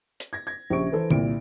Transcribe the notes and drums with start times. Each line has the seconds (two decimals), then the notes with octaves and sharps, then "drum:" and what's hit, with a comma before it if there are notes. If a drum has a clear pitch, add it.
0.20 drum: hi-hat
0.33 G#6 A#6
0.47 G#6
0.70 A#1 C#3 G4 C#6 D7
0.92 E3 A4 C5
1.10 C2 A#2 D7, drum: tom D3